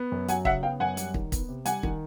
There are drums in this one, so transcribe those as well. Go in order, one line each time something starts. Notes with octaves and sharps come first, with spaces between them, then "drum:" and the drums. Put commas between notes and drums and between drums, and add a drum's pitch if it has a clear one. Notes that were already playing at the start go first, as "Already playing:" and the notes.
Already playing: B3
F#2
F#3 F#5 G#5, drum: hi-hat
C#3 E5 F#5, drum: kick
B3 F5 G5
F#2 F#5 G#5
G3, drum: hi-hat
D#3, drum: kick
B3, drum: kick, hi-hat
C3
G3 F#5 G#5, drum: hi-hat
D#3, drum: kick